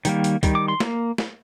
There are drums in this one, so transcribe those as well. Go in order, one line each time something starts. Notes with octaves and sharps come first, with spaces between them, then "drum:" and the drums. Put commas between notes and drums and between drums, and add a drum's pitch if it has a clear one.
D#3 G3 A#3, drum: hi-hat
drum: hi-hat
D#3 G3, drum: kick, hi-hat
D6
C6
A#3, drum: snare
drum: snare